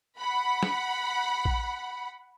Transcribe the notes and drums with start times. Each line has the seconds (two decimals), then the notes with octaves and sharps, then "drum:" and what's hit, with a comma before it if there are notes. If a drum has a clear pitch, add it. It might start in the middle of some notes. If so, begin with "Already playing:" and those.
0.19 F#5 B5
0.63 drum: snare
1.45 drum: kick A#1